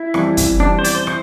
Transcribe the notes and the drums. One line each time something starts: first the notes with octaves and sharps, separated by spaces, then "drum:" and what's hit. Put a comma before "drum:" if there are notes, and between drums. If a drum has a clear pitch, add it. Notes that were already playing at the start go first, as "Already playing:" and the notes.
Already playing: E4
F2 E3 G3, drum: rim click
drum: kick, hi-hat
F2 E3 G3 D4
C5
D5, drum: hi-hat
C5
E3 C5, drum: rim click